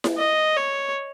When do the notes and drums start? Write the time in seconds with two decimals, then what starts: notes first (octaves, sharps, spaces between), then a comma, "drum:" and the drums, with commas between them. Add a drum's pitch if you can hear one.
0.04 drum: snare E4
0.18 D#5
0.56 C#5